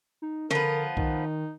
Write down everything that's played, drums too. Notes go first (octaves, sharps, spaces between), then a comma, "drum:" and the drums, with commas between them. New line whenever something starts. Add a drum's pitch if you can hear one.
D#4
D3 F3 B3 A#4, drum: snare
D#3 D#4, drum: kick B1